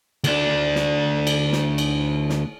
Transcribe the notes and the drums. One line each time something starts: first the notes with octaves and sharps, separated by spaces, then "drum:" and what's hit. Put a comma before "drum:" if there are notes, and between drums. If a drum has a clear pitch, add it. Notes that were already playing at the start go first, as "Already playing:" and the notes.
D2 D4, drum: cymbal
drum: snare
drum: cymbal
drum: snare
drum: cymbal
drum: snare